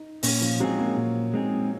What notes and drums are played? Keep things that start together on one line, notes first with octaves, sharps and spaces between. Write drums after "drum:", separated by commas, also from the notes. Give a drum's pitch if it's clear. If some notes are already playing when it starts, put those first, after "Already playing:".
Already playing: D#4
A#2 C#4, drum: open hi-hat
F3
F#3 G#3 C4 D#4 G#4
A#3
A#2
G#3 C4 D#4 G#4